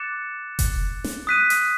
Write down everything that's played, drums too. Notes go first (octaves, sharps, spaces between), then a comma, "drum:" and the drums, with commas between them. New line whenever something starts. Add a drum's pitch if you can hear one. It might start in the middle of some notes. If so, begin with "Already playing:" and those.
Already playing: D6 F#6 A6 C#7 E7
drum: kick F1, hi-hat
drum: snare
D#6 F#6 B6 D#7
drum: hi-hat